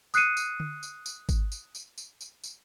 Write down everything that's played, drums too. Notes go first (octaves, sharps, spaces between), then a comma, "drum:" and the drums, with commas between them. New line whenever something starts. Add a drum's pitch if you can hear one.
D#6 F#6 C7 C#7 D#7, drum: tambourine
drum: tambourine
drum: tom D3
drum: tambourine
drum: tambourine
drum: kick G#1, tambourine
drum: tambourine
drum: tambourine
drum: tambourine
drum: tambourine
drum: tambourine